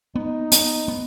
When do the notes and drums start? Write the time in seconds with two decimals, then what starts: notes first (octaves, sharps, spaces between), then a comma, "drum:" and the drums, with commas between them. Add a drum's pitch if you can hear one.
0.15 B3 D#4
0.52 B3, drum: hi-hat
0.88 B3